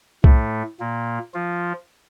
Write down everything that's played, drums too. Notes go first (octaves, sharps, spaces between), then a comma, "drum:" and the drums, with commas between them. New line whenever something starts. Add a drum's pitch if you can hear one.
A2 A3, drum: kick
A#2 A#3
F3 F4